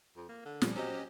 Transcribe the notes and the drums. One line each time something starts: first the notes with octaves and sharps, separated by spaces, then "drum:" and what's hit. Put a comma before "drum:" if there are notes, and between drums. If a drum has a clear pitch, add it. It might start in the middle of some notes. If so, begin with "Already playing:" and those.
F2
A#3
D3
A#2 F3 G3, drum: snare
F#3 C#4 G4 C5 D#5